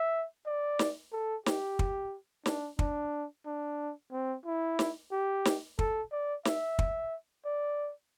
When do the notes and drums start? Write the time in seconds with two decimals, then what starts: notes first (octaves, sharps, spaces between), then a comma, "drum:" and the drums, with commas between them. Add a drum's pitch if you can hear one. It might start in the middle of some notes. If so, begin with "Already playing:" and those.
Already playing: E5
0.46 D5
0.79 drum: snare
1.13 A4
1.46 G4, drum: snare
1.79 drum: kick
2.46 D4, drum: snare
2.79 D4, drum: kick
3.46 D4
4.12 C4
4.46 E4
4.79 drum: snare
5.12 G4
5.45 drum: snare
5.79 A4, drum: kick
6.12 D5
6.45 E5, drum: snare
6.79 drum: kick
7.45 D5